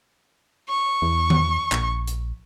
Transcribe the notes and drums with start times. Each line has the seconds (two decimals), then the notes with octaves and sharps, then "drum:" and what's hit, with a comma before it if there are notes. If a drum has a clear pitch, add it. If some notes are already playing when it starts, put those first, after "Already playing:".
0.69 C#6
1.02 E2
1.30 drum: tom D#3
1.72 A#1, drum: clap
2.07 drum: hi-hat